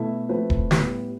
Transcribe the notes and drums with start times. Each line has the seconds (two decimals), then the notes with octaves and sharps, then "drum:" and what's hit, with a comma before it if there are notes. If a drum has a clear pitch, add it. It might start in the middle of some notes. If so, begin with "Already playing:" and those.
Already playing: B2 A3 E4 A4 E5
0.29 F3 A3 C4 E4 B4
0.50 drum: kick D#1
0.71 A2 G3 B3, drum: snare